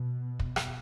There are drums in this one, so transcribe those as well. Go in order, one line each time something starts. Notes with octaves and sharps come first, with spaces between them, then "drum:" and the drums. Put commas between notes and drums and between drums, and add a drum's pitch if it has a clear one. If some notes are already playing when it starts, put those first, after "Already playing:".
Already playing: B2
drum: kick
drum: rim click